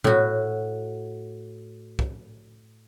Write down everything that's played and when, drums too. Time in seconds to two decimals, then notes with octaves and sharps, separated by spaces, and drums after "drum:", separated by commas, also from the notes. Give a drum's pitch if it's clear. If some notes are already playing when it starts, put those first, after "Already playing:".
0.04 A2 F#4, drum: tom A#2
1.99 drum: kick